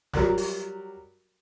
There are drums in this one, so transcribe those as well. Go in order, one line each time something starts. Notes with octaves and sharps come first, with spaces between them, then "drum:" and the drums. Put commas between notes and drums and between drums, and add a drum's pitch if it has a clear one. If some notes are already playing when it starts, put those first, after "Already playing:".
F#3 G3 A#4 D5 F#6, drum: snare
drum: open hi-hat